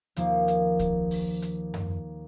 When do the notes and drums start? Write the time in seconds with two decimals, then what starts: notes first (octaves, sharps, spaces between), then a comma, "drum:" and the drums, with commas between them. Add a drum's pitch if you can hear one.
0.16 D#2 F3 A#3, drum: hi-hat
0.48 drum: hi-hat
0.79 drum: kick C2, hi-hat
1.11 drum: open hi-hat
1.42 drum: hi-hat
1.74 drum: tom F#2